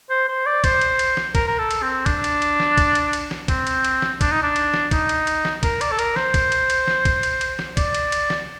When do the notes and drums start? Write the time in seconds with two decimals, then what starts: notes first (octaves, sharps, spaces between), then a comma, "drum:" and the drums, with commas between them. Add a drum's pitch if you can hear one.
0.10 C5
0.28 C5
0.46 D5
0.64 C5, drum: kick, cymbal
0.81 drum: cymbal
0.99 drum: cymbal
1.17 drum: snare
1.35 A#4, drum: kick, cymbal
1.47 A#4
1.58 A4
1.71 drum: cymbal
1.82 C4
2.06 D4, drum: kick, cymbal
2.24 drum: cymbal
2.42 drum: cymbal
2.60 drum: snare
2.78 drum: kick, cymbal
2.95 drum: cymbal
3.13 drum: cymbal
3.31 drum: snare
3.48 C4, drum: kick, cymbal
3.67 drum: cymbal
3.84 drum: cymbal
4.02 drum: snare
4.21 D4, drum: kick, cymbal
4.31 D#4
4.43 D4
4.56 drum: cymbal
4.74 drum: snare
4.91 D#4, drum: kick, cymbal
5.09 drum: cymbal
5.27 drum: cymbal
5.45 drum: snare
5.63 A#4, drum: kick, cymbal
5.81 D5, drum: cymbal
5.91 A4
5.99 A#4, drum: cymbal
6.16 C5, drum: snare
6.34 drum: kick, cymbal
6.52 drum: cymbal
6.70 drum: cymbal
6.88 drum: snare
7.05 drum: kick, cymbal
7.23 drum: cymbal
7.41 drum: cymbal
7.59 drum: snare
7.77 D5, drum: kick, cymbal
7.95 drum: cymbal
8.12 drum: cymbal
8.30 drum: snare